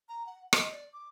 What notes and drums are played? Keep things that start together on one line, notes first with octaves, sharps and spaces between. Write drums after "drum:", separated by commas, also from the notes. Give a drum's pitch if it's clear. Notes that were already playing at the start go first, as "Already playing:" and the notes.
A#5
F#5
D#5, drum: rim click
D5
D6